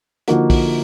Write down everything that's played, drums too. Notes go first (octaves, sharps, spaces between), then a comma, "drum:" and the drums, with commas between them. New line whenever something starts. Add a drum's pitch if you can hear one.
D3 F3 A#3 D#4 F#4, drum: hi-hat
drum: kick A#1, open hi-hat